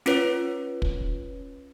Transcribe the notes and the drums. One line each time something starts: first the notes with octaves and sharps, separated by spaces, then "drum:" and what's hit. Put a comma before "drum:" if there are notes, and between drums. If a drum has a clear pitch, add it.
C#4 F4 B4 C#5, drum: snare
drum: kick